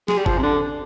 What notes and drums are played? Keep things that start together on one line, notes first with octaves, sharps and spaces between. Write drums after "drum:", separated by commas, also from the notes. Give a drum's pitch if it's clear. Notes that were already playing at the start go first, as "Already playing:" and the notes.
G#3, drum: snare
G3
F3, drum: kick G1
C3
D3